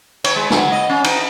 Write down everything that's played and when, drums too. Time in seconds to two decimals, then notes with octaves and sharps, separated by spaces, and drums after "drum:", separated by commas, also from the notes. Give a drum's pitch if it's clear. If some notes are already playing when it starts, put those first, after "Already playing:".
0.24 C#5, drum: cymbal
0.36 G#3
0.50 F#3, drum: snare
0.72 D#5
0.89 C#4
1.04 D#4, drum: cymbal